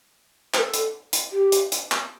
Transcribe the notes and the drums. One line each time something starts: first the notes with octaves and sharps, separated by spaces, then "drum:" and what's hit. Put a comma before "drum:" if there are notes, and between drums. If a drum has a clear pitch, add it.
C5, drum: clap
A4
drum: hi-hat
drum: hi-hat
G4
drum: hi-hat
drum: hi-hat
drum: clap